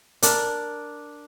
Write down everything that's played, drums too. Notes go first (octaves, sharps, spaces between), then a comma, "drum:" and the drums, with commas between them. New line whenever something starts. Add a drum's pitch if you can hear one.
D4 A#4, drum: hi-hat